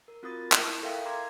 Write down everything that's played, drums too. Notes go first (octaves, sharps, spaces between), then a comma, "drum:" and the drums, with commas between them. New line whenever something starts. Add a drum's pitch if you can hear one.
A#4
C4 F4 F#4 A#4 D#6 A6
drum: clap
E4
A4 A#4 E5 F5 G5
A#5 C6 D6 G#6